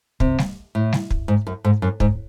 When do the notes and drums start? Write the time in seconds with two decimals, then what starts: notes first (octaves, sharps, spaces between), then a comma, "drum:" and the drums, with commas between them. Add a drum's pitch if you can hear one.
0.20 C3, drum: kick
0.39 drum: snare G3
0.75 A2
0.93 drum: snare G3
1.11 drum: kick
1.28 G#2
1.47 F#2
1.64 G#2
1.82 F#2
2.00 G#2, drum: kick